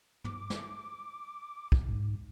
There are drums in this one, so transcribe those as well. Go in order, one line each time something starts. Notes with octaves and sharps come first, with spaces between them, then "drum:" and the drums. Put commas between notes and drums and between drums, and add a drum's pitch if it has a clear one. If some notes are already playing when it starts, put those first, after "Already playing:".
D6, drum: tom
drum: snare
drum: kick
G#2